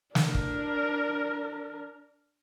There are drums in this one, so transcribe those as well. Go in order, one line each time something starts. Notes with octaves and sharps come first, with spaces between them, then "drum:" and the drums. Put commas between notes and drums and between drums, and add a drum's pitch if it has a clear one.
D4 A#4, drum: snare
drum: kick